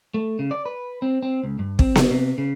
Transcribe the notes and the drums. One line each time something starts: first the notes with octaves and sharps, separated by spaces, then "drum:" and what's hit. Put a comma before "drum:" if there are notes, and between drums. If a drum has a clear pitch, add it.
A3
C#3
D5
B4
C4
C4
C#2
G2
C4, drum: kick
drum: snare B3
C3
C#3